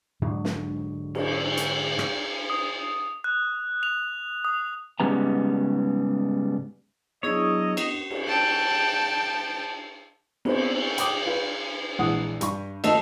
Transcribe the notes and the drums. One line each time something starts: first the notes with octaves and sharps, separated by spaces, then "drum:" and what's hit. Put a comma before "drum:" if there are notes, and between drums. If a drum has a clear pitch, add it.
G#2 D3 F#3 G#3
drum: snare
drum: cymbal
drum: hi-hat
drum: rim click
D#6
F#6
F7
D#6
G#2 C#3 G3 B3 A#5
F#3 B3 D4 E4 G#4 C#5 D#5 D#6
drum: cymbal
drum: cymbal
G5 A5
B3 C4, drum: cymbal
G5 D6 D#6, drum: hi-hat
F4 B4
A#1 E3 G#3 D4 F#5 D#6
G2 C#6, drum: hi-hat
D#2 F3 A3 D#5 A5 E6, drum: cymbal